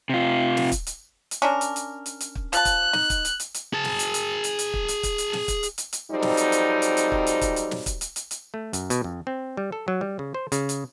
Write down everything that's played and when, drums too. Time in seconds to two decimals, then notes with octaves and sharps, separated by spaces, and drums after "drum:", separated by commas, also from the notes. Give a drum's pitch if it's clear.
0.09 C3 F4
0.57 drum: snare
0.72 drum: kick, hi-hat
0.87 drum: hi-hat
1.31 drum: hi-hat
1.42 C#4 D4 A#4
1.61 drum: hi-hat
1.76 drum: hi-hat
2.06 drum: hi-hat
2.21 drum: hi-hat
2.35 drum: kick
2.53 F3 A5 F#6, drum: hi-hat
2.65 drum: kick, hi-hat
2.93 D#4, drum: snare
3.10 drum: kick, hi-hat
3.25 drum: hi-hat
3.40 drum: hi-hat
3.54 drum: hi-hat
3.74 G#4 A5
3.84 drum: snare
3.99 drum: hi-hat
4.14 drum: hi-hat
4.44 drum: hi-hat
4.59 drum: hi-hat
4.74 drum: kick
4.88 drum: hi-hat
5.03 drum: kick, hi-hat
5.18 drum: hi-hat
5.33 drum: snare
5.48 drum: kick, hi-hat
5.63 drum: hi-hat
5.78 drum: hi-hat
5.93 drum: hi-hat
6.11 F2 F#3 G3 C4 D#4
6.22 drum: snare
6.37 drum: hi-hat
6.52 drum: hi-hat
6.82 drum: hi-hat
6.97 drum: hi-hat
7.12 drum: kick
7.27 drum: hi-hat
7.41 drum: kick, hi-hat
7.56 drum: hi-hat
7.71 drum: snare
7.86 drum: kick, hi-hat
8.01 drum: hi-hat
8.16 drum: hi-hat
8.31 drum: hi-hat
8.54 A3
8.73 F#2, drum: hi-hat
8.90 B2, drum: hi-hat
9.04 F2
9.27 C4
9.57 G3
9.72 A4
9.88 F#3
10.01 G3
10.19 C#3
10.34 C5
10.52 C#3, drum: hi-hat
10.69 drum: hi-hat